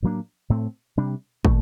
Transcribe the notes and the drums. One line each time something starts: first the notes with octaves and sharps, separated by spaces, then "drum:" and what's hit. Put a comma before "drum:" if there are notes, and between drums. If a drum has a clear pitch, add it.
A2 F#3 A#3 D4
A2 A3 C4
C3 G3 D4
A#2 A3, drum: kick